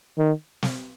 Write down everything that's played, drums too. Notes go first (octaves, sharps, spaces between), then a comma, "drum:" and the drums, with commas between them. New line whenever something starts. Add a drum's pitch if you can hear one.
D#3
drum: snare